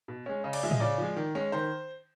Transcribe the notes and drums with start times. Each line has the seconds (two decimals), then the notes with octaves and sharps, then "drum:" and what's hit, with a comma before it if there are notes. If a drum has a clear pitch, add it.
0.08 B2
0.26 G#3 C#4
0.44 C#3 D#5
0.53 D5, drum: cymbal
0.63 F3 G#3 E5
0.71 D#5, drum: tom A2
0.80 C#3 D5
0.98 F3 G#3
1.16 D#3
1.35 G#3 C#4
1.52 D#3 C5